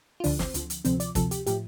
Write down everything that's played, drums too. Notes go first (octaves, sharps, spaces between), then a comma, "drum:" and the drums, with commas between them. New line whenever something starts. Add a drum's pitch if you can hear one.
F4
D2 D3 F3 D4, drum: open hi-hat
C4, drum: snare
D2 D3 F3, drum: hi-hat
drum: hi-hat
D2 C3 F3 C4, drum: hi-hat
D5, drum: hi-hat
D2 C3 F3 A4, drum: kick, hi-hat
G4, drum: hi-hat
A2 F3 G4, drum: hi-hat